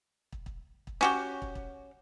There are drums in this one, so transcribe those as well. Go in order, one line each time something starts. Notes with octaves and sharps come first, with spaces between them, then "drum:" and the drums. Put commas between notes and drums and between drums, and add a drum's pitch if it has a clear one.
drum: kick
drum: kick
drum: kick
C#4 F#4 G4, drum: snare
drum: kick
drum: kick